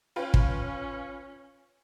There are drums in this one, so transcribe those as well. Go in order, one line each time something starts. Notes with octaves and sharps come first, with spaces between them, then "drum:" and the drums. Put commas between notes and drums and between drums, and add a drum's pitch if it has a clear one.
C#4 F4 B4 G5
drum: kick